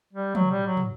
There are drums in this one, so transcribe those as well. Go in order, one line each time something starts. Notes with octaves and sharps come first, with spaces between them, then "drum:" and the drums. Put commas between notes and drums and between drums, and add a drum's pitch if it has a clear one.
G3
F#3, drum: tom
G3
F#3
drum: tom